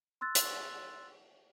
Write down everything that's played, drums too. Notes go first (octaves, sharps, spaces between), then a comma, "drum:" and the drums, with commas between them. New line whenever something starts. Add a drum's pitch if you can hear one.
C6 E6 F#6 A6
drum: hi-hat